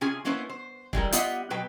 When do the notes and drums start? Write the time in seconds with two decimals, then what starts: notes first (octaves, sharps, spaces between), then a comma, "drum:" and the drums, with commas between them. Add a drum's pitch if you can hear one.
0.01 C3 C#4 F4 G#4 G#5
0.25 A#3 B3 C#4 E4 B4 C5
0.49 C5
0.93 E3 G3 G#3 A#4, drum: kick
1.12 B3 F4 G4 D#5 E5 F#5, drum: hi-hat
1.50 B2 F#3 B4 G5